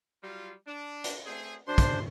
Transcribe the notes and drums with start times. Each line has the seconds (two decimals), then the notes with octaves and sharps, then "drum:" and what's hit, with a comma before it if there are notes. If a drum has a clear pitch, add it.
0.23 F#3 G3 F4
0.67 D4
1.04 drum: hi-hat
1.26 A3 C4 G#4
1.68 F#2 D4 C5 C6
1.78 drum: kick, hi-hat